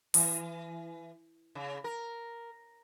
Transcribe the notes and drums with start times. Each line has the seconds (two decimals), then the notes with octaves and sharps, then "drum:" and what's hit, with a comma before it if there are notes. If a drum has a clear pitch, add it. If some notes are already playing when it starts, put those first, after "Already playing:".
0.14 E3, drum: open hi-hat
1.55 C#3
1.84 A#4